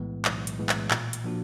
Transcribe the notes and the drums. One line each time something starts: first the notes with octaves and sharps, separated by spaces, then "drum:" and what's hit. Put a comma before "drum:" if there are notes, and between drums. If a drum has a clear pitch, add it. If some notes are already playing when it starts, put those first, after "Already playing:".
Already playing: B1 A2 E3 G#3 B3
B1, drum: clap
drum: hi-hat
A2 E3 G#3 B3
drum: clap
A#2, drum: clap
drum: hi-hat
F3 A#3 D4 F#4